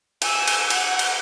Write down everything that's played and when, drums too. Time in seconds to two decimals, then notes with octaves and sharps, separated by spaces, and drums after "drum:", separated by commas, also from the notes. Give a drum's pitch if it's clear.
0.22 G#5 E6, drum: cymbal
0.48 drum: cymbal
0.70 F#5, drum: cymbal
0.99 drum: cymbal